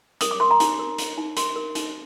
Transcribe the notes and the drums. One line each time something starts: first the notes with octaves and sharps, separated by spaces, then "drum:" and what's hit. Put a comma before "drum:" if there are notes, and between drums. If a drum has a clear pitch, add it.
A#4 D#6, drum: hi-hat
D6
A#4 C6
A#5
D#4, drum: hi-hat
A#4
A#4, drum: hi-hat
D#4
A#4 C6, drum: hi-hat
A#4
D#4, drum: hi-hat